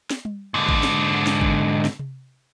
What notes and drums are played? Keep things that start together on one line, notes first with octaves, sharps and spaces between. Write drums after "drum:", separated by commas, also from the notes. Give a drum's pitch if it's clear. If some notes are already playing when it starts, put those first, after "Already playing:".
drum: snare
drum: tom G3
G#2 D3
drum: kick G#1
drum: snare
drum: snare
drum: kick G#1
drum: snare
drum: tom C3